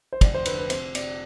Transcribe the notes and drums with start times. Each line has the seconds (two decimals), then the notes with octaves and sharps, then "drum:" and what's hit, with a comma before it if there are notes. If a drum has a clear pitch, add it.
0.13 C5
0.21 F1 D5, drum: kick, cymbal
0.34 C5
0.45 D3 B4, drum: cymbal
0.58 B4
0.70 C3 C5, drum: cymbal
0.95 C3 D5, drum: cymbal